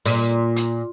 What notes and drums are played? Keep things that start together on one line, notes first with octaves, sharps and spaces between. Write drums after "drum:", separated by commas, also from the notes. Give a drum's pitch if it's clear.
A#2, drum: open hi-hat
drum: hi-hat